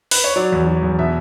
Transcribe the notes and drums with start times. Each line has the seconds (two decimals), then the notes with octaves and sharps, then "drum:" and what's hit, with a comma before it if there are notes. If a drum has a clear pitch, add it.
0.11 B4, drum: open hi-hat
0.24 C#5
0.36 F#3 D5
0.52 E2
0.67 F#3
0.83 E2
0.99 B2 E5